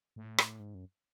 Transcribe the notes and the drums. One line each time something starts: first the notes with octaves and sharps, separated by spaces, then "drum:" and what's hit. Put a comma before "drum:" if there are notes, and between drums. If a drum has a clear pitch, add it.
A2
drum: rim click
G#2
F#2